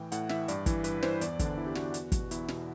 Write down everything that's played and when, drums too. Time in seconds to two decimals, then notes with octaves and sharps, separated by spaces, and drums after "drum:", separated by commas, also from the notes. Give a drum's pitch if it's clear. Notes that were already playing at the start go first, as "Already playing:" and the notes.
Already playing: A2 E3 G5
0.12 A2 F#5, drum: hi-hat
0.29 E3 E5, drum: snare
0.48 G2 D5, drum: hi-hat
0.66 E3, drum: kick, hi-hat
0.84 G2 B4, drum: hi-hat
1.03 E3 C5, drum: snare
1.21 E2 D5, drum: hi-hat
1.39 D3, drum: kick, hi-hat
1.46 D4
1.57 E2 E4
1.66 G4
1.75 D3 F#4, drum: snare
1.94 E2, drum: hi-hat
2.12 B2, drum: kick, hi-hat
2.31 E2 E4, drum: hi-hat
2.48 B2, drum: snare